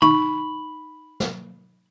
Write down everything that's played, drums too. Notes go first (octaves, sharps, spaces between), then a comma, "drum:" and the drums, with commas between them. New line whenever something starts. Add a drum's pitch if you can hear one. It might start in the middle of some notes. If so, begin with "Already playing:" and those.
D#4 B5 C#6, drum: tom
drum: snare